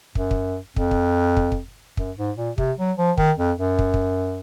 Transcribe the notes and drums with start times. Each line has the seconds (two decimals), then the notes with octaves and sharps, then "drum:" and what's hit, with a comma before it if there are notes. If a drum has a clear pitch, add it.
0.15 F#2, drum: kick
0.31 drum: kick
0.76 F2, drum: kick
0.91 drum: kick
1.37 drum: kick
1.52 drum: kick
1.97 F#2, drum: kick
2.17 G#2
2.37 A#2
2.58 C3, drum: kick
2.78 F#3
2.98 F3
3.18 D#3, drum: kick
3.38 F2
3.58 F#2
3.79 drum: kick
3.94 drum: kick